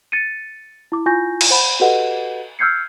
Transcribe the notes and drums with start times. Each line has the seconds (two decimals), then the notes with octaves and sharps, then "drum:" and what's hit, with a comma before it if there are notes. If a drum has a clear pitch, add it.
0.12 A6 C#7 D#7
0.92 E4 D6
1.06 E4 F4 G#5 C#6 G6 A#6
1.41 drum: cymbal
1.50 C5 F#5 B5
1.80 F#4 G4 A4 B4 D#5 F#5
2.59 E6 F6 G6 G#6 C7 C#7